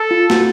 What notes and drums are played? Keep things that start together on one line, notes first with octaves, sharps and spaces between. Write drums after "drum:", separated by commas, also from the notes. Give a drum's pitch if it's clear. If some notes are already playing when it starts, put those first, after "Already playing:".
Already playing: A4
F4
F#4, drum: snare